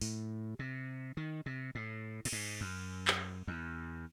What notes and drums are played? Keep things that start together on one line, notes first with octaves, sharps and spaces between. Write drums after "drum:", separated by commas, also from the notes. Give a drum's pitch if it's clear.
A2, drum: open hi-hat
C3
D#3
C3
A2
A2, drum: cymbal
G#2
F#2
drum: clap
E2